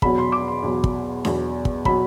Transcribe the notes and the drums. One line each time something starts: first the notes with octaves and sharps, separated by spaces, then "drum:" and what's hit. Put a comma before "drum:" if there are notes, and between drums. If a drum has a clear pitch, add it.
E2 B2 F#3 B5, drum: kick
C6
D6
C6
E2 B2 F#3
drum: kick
E2 B2 F#3, drum: snare D4
drum: kick
B2 F#3 B5, drum: kick